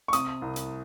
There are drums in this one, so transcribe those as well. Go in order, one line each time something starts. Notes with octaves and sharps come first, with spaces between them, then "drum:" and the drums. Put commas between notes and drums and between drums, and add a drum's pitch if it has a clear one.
C#6
C3 D#6, drum: hi-hat
C2
drum: hi-hat